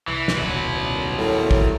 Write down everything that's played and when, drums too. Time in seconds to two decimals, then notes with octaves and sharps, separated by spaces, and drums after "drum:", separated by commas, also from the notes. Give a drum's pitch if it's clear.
0.08 C2 E3
0.28 drum: snare
0.38 D#1 F#3 B4
1.18 A2 G3 C#4 A#4
1.51 drum: kick